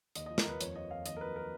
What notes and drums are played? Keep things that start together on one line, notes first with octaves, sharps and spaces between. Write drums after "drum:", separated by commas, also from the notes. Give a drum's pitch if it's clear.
D#2 D#5, drum: hi-hat
D#5
F3
A#4, drum: snare
D#2 B4
F2 C#5, drum: hi-hat
F3 D#5
F2 F5
D#2 D#5, drum: hi-hat
A#4
F#3 B4
A#4